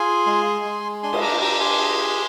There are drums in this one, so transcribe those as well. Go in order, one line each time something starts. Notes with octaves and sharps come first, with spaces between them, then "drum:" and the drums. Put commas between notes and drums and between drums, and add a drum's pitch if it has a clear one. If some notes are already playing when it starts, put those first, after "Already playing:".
Already playing: F4 G#4 G#5 C6
G#3
G#3
D4 G#5 C6
D#6, drum: cymbal
A#5 D6
G4 A#5 D6
G#5 C6
G#4